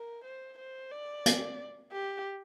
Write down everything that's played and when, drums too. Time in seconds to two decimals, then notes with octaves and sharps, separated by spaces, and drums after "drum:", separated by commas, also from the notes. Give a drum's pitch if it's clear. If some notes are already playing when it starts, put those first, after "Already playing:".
Already playing: A#4
0.24 C5
0.58 C5
0.91 D5
1.26 drum: hi-hat
1.92 G4